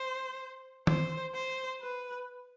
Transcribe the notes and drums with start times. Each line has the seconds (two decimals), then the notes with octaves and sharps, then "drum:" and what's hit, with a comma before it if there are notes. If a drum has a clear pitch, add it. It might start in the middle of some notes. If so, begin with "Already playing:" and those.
Already playing: C5
0.87 C5, drum: tom D#3
1.34 C5
1.81 B4